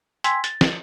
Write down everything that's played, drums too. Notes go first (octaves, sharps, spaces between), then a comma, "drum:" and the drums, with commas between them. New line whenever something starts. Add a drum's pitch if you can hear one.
G5 G#5 C6 E6 G#6 B6, drum: hi-hat
A6, drum: hi-hat
drum: snare